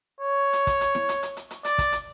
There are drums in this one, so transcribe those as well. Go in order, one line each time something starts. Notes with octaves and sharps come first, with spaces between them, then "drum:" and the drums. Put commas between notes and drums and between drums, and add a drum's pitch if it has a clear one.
C#5
drum: hi-hat
drum: kick, hi-hat
drum: hi-hat
drum: snare E4
drum: hi-hat
drum: hi-hat
drum: hi-hat
drum: hi-hat
D5, drum: hi-hat
drum: kick, hi-hat
drum: hi-hat